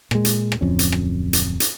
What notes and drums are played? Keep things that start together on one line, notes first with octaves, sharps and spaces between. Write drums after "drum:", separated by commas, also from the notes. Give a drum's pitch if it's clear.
A#2 G#3, drum: rim click
drum: hi-hat
drum: rim click
D1 F2 C#4
drum: hi-hat
drum: rim click
drum: hi-hat
drum: hi-hat